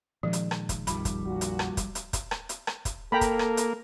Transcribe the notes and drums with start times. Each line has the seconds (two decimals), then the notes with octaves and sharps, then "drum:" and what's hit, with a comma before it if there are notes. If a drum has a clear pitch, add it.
0.23 A#2 D#3 F3 G#3
0.33 drum: hi-hat
0.51 drum: rim click
0.69 drum: kick, hi-hat
0.87 A#1 F2 D#3 F3 G3 B5, drum: hi-hat
1.05 drum: kick, hi-hat
1.26 A#2 F#4
1.41 drum: hi-hat
1.59 drum: rim click
1.77 drum: kick, hi-hat
1.95 drum: hi-hat
2.13 drum: kick, hi-hat
2.31 drum: rim click
2.49 drum: hi-hat
2.67 drum: rim click
2.85 drum: kick, hi-hat
3.12 A#3 A4 G5 A#5 B5
3.21 drum: kick, hi-hat
3.39 drum: rim click
3.57 drum: hi-hat